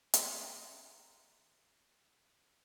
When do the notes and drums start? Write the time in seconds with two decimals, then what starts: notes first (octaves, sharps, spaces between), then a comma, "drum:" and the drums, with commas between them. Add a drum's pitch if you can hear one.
0.14 B4 D5 E5 A#5 C6, drum: hi-hat